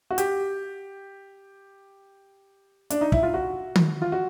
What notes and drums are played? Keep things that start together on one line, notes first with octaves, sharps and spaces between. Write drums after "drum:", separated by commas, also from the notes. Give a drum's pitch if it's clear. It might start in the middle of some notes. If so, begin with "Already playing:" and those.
F#4
G4, drum: hi-hat
D4, drum: hi-hat
D#4
E4, drum: kick
F4
F#4
drum: tom D#3
F4
F#4